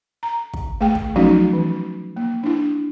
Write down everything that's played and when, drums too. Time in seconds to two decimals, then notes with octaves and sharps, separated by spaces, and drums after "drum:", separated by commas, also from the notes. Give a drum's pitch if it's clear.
0.23 A#5
0.53 drum: kick
0.81 A3 G#4 G5
0.95 drum: kick
1.16 F3 F#3 A3 C#4 D#4 F#4
1.53 E3
2.17 A#3
2.43 D4 E4